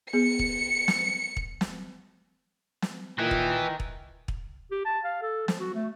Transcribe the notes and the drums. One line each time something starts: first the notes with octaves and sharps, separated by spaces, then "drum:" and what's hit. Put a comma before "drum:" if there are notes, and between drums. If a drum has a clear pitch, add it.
B3 G#4 C#7
drum: kick
drum: snare
drum: kick
drum: snare
drum: snare
A#2 D#3 E3
drum: kick
drum: kick
drum: kick
G4
A5
F5
A4
F3, drum: snare
F#4
A3